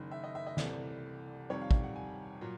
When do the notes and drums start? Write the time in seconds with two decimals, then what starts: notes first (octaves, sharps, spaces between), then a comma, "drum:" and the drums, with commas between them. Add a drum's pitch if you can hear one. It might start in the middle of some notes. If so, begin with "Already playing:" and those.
Already playing: F#1 F#2 D#3
0.11 E5
0.24 D#5
0.35 E5
0.47 D#5
0.57 C2 C3 E3 A3 D5, drum: snare
1.49 F2 C3 D#3 G3 C#5
1.62 F5
1.71 drum: kick
1.83 F#5
1.96 G#5
2.41 A#2 F#3